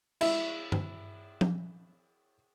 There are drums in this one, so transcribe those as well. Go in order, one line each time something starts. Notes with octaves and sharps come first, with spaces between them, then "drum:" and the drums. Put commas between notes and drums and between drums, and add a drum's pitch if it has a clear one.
E4 E5, drum: cymbal
drum: tom G2
drum: tom